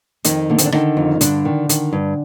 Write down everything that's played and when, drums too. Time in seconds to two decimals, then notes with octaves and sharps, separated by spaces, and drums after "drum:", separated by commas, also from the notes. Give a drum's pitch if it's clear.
0.24 F2 D#3 D#4, drum: hi-hat
0.49 D3 A#3
0.58 C4, drum: hi-hat
0.66 D4
0.72 D3 D#3 D#4, drum: rim click
0.97 F2
1.21 G2 D3 D4, drum: hi-hat
1.45 D#3
1.69 D#3, drum: hi-hat
1.93 G2